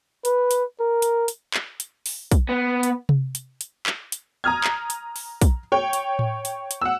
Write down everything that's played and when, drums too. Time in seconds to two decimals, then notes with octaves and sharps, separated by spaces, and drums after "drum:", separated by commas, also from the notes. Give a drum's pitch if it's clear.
0.25 B4, drum: hi-hat
0.51 drum: hi-hat
0.80 A#4
1.02 drum: hi-hat
1.28 drum: hi-hat
1.54 drum: clap
1.80 drum: hi-hat
2.06 drum: open hi-hat
2.31 drum: kick, hi-hat
2.49 B3
2.83 drum: hi-hat
3.09 drum: tom C3
3.35 drum: hi-hat
3.61 drum: hi-hat
3.86 drum: clap
4.12 drum: hi-hat
4.44 A#5 D#6 F6 G#6
4.64 drum: clap
4.90 drum: hi-hat
5.16 drum: open hi-hat
5.41 drum: kick, hi-hat
5.72 C#5 G5
5.93 drum: hi-hat
6.19 drum: tom A2
6.45 drum: hi-hat
6.71 drum: hi-hat
6.82 F#5 E6